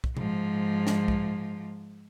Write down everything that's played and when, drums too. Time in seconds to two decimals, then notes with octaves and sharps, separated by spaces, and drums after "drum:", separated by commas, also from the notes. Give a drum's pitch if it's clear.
0.04 drum: kick B1
0.17 G#2 F3, drum: tom A#2
0.87 drum: snare
1.08 drum: kick B1